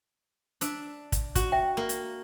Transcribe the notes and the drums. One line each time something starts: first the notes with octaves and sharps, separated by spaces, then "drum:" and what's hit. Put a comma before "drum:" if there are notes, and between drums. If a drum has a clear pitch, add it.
D4 E5, drum: hi-hat
drum: kick, hi-hat
F#4, drum: kick, hi-hat
E5 G5
A#3
drum: hi-hat